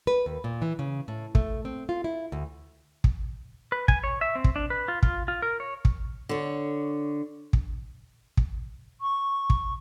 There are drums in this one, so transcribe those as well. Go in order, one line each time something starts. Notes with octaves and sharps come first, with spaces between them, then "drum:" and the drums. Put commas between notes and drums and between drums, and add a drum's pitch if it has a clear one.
B4
D#2
A#2
E3
C#3
A2
A3, drum: kick
C4
F4
E4
D2
drum: kick
B4
G#5, drum: kick
C#5
E5
C4
drum: kick
D4
B4
F4
F4, drum: kick
F4
A#4
C#5
drum: kick
D3 C#5
drum: kick
drum: kick
C#6
drum: kick